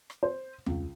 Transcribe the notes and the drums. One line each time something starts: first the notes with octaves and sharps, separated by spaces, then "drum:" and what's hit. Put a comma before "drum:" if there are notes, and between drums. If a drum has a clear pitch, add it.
drum: rim click
C5
C#2, drum: tom E2